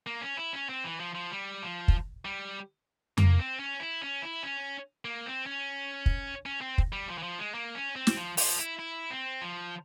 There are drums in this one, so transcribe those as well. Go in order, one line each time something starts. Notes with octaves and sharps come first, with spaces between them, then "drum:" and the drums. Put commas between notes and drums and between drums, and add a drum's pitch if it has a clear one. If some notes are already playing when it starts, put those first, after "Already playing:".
A#3
C#4
E4
C#4
C4
E3
F3
F3
G3
F3
drum: kick
G3
A#3, drum: tom F2
C4
C#4
E4
C#4
E4
C#4
A#3
C4
C#4
drum: kick
C#4
C4
drum: kick
G3
F3
E3
F3
G#3
A#3
C#4
C4
drum: snare
F3
F3, drum: open hi-hat
E4
E4
C4
F3